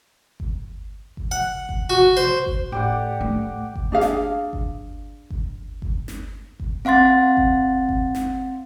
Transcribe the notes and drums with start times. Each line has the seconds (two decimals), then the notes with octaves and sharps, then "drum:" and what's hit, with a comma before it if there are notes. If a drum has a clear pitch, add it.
0.40 drum: kick G1
1.17 drum: kick G1
1.31 F#5
1.69 drum: kick G1
1.90 F#4
2.17 C5
2.46 drum: kick G1
2.72 A2 G4 D5 F#5
3.21 A3
3.75 drum: kick G1
3.92 D4 G#4 F5
4.01 drum: snare
4.53 drum: kick G1
5.30 drum: kick G1
5.82 drum: kick G1
6.08 drum: snare
6.60 drum: kick G1
6.85 C4 F5 F#5 C6 A6
7.37 drum: kick G1
7.89 drum: kick G1
8.15 drum: snare